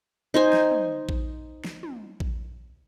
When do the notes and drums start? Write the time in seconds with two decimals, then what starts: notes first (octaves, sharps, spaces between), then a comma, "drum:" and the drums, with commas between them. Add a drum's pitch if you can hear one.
0.34 D#4 C5 G#5
0.53 drum: snare
0.71 drum: tom
1.09 drum: kick A#1
1.64 drum: snare
1.83 drum: tom
2.20 drum: kick A#1